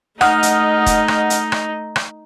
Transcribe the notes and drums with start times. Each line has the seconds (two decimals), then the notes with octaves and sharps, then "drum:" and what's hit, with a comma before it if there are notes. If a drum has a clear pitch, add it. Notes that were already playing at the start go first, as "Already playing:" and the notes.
0.21 A3 D#4 D#5 F#5 D#6 F6, drum: rim click
0.43 drum: hi-hat
0.86 drum: kick E1, hi-hat
1.08 drum: rim click
1.30 drum: hi-hat
1.52 drum: rim click
1.96 drum: rim click